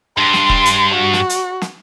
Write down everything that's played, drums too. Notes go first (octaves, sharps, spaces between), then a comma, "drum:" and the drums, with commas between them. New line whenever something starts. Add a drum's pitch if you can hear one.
G2 C6
drum: snare
drum: kick E1
drum: hi-hat
F#4
drum: snare
drum: hi-hat
drum: snare